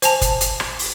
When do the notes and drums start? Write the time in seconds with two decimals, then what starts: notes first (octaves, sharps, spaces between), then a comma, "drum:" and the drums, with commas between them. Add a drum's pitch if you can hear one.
0.02 C5 G#5 A5, drum: hi-hat
0.21 drum: kick, hi-hat
0.41 drum: hi-hat
0.60 drum: rim click
0.79 drum: open hi-hat